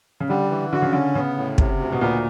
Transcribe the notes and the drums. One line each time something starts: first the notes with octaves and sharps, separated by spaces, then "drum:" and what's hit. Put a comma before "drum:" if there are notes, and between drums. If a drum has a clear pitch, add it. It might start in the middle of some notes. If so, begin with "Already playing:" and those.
C#3
D3 G3
E3
D3 F#4
C#3
D3 C#4
C#3 B3
A2
C3, drum: kick
D2
B2
A#2 B3